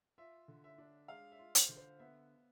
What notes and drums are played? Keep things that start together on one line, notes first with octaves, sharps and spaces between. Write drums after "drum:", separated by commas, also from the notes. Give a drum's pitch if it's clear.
F4 E5
D3
E5
D4
G#3 F5
E5
F4
C5, drum: hi-hat
D3
C5
B3 E5